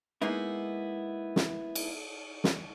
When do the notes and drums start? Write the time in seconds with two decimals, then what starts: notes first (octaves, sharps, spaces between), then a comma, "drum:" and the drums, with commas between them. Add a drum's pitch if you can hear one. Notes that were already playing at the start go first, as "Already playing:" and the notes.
0.22 G#3 A#3 B3 D#4 E4
1.36 drum: snare
1.75 drum: cymbal
2.44 drum: snare